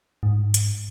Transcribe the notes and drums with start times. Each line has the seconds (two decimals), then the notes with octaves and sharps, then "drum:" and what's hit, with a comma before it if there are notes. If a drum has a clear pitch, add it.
0.23 G#2
0.54 drum: hi-hat